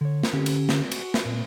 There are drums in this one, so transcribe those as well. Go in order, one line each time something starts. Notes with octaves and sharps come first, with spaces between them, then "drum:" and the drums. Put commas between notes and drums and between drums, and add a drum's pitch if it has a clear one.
D3 C#5
drum: snare
D3 C#4 G4 A4
drum: cymbal
drum: snare
F#4, drum: cymbal
drum: snare
A#2